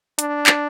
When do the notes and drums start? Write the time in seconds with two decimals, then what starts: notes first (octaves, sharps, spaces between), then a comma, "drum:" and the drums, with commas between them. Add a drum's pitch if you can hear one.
0.19 D4, drum: hi-hat
0.46 drum: clap